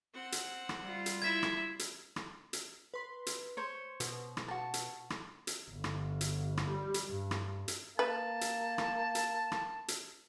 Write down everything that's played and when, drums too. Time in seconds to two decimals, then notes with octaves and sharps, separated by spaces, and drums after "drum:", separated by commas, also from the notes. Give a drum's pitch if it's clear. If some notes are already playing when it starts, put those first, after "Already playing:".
0.14 C4 F#5
0.32 drum: hi-hat
0.69 drum: rim click
0.81 G3 F4
1.06 drum: hi-hat
1.22 E4 E5 G#6 B6
1.43 drum: rim click
1.79 drum: hi-hat
2.16 drum: rim click
2.53 drum: hi-hat
2.94 B4 C6
3.27 drum: hi-hat
3.57 C5 C#5
4.00 B2, drum: hi-hat
4.37 drum: rim click
4.48 F#4 A5
4.74 drum: hi-hat
5.10 drum: rim click
5.47 drum: hi-hat
5.71 G1
5.84 drum: rim click
6.21 drum: hi-hat
6.57 drum: rim click
6.68 G3
6.94 drum: hi-hat
7.07 G2
7.31 drum: rim click
7.68 drum: hi-hat
7.99 A#3 B4 A5
8.41 drum: hi-hat
8.78 drum: rim click
9.15 drum: hi-hat
9.52 drum: rim click
9.88 drum: hi-hat